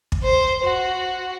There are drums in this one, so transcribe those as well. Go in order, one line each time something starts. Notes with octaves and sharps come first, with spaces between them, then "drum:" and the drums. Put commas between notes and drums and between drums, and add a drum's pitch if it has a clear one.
drum: kick
C5
F#4